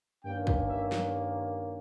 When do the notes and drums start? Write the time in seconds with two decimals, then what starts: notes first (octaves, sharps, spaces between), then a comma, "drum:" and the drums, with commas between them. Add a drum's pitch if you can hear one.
0.24 G2 D#3 A#3 C#4 G5
0.47 drum: kick
0.69 E5
0.92 drum: snare